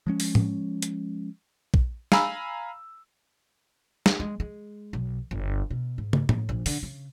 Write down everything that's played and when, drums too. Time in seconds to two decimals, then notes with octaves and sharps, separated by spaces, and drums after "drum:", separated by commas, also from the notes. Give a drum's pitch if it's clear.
0.07 F3 G#3 C#4
0.20 drum: open hi-hat
0.35 drum: tom A2
0.82 drum: hi-hat
1.74 drum: kick A#1
2.12 F5 G#5 A#5 B5 E6, drum: snare
4.06 drum: snare
4.20 G#3
4.40 G#3
4.93 B1
5.31 G1
5.70 B2
5.98 G#2
6.13 drum: tom
6.29 A2, drum: tom A2
6.49 A#1
6.66 D3, drum: open hi-hat
6.83 C#3